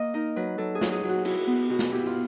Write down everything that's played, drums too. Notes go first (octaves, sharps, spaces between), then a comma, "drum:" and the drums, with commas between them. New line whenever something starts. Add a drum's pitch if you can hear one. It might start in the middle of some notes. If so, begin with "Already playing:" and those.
Already playing: A#3 D#5
D#4 A#4
F#3 B4
F#3 A4
G#4
F#3, drum: snare
G#4
F#3
F#4
E4 F#4, drum: cymbal
B3
B2 F#4
drum: snare
E4 G4
F4